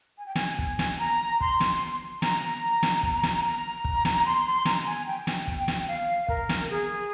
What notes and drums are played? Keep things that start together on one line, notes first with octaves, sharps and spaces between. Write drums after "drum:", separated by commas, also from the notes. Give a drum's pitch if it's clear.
G#5
G5
G#5, drum: snare
drum: kick
drum: snare
A#5
C6, drum: kick
drum: snare
A#5, drum: snare
drum: snare
drum: kick
drum: snare
A#5
drum: kick
drum: snare
C6
C6
A#5, drum: snare
G#5
G5
drum: snare
drum: kick
drum: snare
F5
A#4, drum: kick
drum: snare
G#4